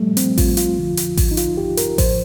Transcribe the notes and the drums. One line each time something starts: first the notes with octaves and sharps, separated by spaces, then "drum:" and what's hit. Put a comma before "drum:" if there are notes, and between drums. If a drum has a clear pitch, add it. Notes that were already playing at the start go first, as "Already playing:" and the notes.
Already playing: A#2 F3 G3 A3
C4, drum: hi-hat
F4, drum: kick A1, open hi-hat
F4, drum: hi-hat
F2 D3 F3
drum: hi-hat
drum: kick A1, open hi-hat
D#4
F4, drum: hi-hat
G4
A#4, drum: hi-hat
A2 F3 C5, drum: kick A1, open hi-hat